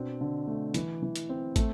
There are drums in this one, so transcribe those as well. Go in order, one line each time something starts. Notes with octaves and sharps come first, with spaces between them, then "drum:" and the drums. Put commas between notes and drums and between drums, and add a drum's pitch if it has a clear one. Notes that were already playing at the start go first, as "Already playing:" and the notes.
Already playing: B2 C4 D4
D3
A3
E3, drum: hi-hat
E3
drum: hi-hat
C4
A3, drum: kick, hi-hat